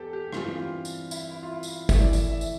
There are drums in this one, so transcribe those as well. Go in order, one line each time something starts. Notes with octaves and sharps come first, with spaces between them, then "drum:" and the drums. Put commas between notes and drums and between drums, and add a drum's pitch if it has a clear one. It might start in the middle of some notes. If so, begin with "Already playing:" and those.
Already playing: E2 G4 A4
G4
G2 E3 G3 C4 F4, drum: rim click
G4
F4
drum: tambourine
E4, drum: tambourine
E4
F4
E4
drum: tambourine
A2 E3 A3 E4 E5, drum: kick G1, tambourine
D5
E5, drum: tambourine
E5
drum: tambourine